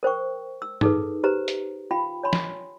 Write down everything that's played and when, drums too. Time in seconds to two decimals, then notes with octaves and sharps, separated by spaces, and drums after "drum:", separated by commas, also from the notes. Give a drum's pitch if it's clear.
0.03 A#4 C5 G5 C#6
0.62 E6
0.81 D#4 G#4 A4 B4, drum: tom G2
1.24 G4 B4 C5 A#5
1.48 drum: hi-hat
1.91 F4 F5 G5 B5
2.23 C#5 G#5 B5 C6
2.33 drum: snare